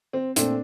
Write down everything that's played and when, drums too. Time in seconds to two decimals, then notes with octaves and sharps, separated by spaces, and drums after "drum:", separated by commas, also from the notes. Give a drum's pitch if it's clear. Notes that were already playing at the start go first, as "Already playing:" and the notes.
0.13 C4
0.36 A#2 A3 C4 D4, drum: hi-hat